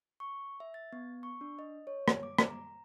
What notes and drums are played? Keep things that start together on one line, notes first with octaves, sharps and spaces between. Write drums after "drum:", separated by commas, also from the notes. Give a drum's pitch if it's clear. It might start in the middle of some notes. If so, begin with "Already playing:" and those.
C#6
E5
A6
B3
C#6
D4
D#5
C#5
drum: rim click
D6
drum: rim click
A#5